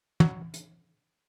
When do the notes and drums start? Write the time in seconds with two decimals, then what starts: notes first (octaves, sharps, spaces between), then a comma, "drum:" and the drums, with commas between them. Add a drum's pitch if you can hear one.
0.20 F#3, drum: tom
0.54 drum: hi-hat